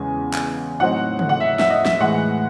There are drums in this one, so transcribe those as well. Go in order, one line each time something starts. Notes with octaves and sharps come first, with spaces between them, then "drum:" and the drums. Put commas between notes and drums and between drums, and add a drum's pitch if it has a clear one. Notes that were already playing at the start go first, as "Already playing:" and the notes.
Already playing: E2 C#3 G#3 G#5
drum: clap
A2 F#3 C4 D#4 F#5
drum: tom C#3
F#5
E5
E5, drum: snare
D#5
E5, drum: snare
A2 E3 G#3 F#5